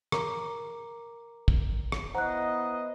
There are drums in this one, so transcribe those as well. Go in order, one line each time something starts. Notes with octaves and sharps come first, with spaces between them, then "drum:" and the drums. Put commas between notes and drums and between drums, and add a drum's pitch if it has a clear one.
A#4 A#5 D6, drum: rim click
drum: kick
drum: rim click
B3 E4 C5 D#5 F#5 A#5 F#6